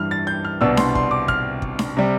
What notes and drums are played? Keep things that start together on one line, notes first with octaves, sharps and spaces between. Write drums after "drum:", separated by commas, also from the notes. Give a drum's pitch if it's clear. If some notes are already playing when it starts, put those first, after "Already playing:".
Already playing: G2 E3 G3 F6
A6
G6
F6
C2 B2 B3 D4 E6
C6, drum: snare D4
C6, drum: kick
D6
F6, drum: kick
drum: kick
drum: snare D4
C3 G3